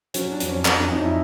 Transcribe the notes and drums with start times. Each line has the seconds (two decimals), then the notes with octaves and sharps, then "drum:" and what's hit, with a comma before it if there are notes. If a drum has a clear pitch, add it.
0.14 F#3 C#4, drum: hi-hat
0.32 D4
0.40 F2, drum: hi-hat
0.48 C#4
0.65 F2 C#4, drum: clap
0.79 D4
0.91 F2 D#4
1.04 E4